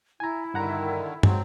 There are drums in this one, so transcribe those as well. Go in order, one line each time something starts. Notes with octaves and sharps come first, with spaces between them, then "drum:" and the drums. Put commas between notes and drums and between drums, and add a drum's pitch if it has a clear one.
E4 G#5 A#5
G2 D3 D#3 F#5 A#5
F#3 G#3 C4, drum: tom